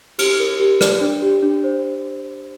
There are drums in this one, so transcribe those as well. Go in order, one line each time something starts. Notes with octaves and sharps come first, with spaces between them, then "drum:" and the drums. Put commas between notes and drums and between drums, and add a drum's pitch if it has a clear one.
G4 F6, drum: cymbal
A#4
G4
D5, drum: rim click
D4
G4
D4
C5